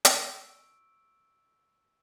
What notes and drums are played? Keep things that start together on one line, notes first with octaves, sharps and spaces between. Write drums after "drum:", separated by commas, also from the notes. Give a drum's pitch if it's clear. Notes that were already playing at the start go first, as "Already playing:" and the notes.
C#6 E6 D7, drum: hi-hat